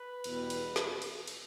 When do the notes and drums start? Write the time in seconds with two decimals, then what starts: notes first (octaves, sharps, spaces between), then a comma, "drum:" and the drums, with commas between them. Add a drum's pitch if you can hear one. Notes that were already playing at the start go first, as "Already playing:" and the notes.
Already playing: B4
0.24 E2 B2 G3, drum: cymbal
0.50 drum: cymbal
0.76 drum: snare
1.02 drum: cymbal
1.27 drum: cymbal